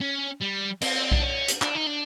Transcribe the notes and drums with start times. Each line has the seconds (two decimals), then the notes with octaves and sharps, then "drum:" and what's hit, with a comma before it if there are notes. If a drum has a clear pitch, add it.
0.01 C#4
0.41 G3
0.82 C4, drum: cymbal
1.11 D4, drum: kick B1
1.22 C#4
1.48 drum: hi-hat
1.62 D4, drum: clap
1.75 D#4
1.87 D4